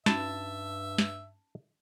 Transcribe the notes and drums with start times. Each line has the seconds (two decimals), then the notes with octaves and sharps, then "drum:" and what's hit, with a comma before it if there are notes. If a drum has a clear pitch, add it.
0.06 G2 C#4 D#4 F#4 E5 A5, drum: snare
0.98 drum: snare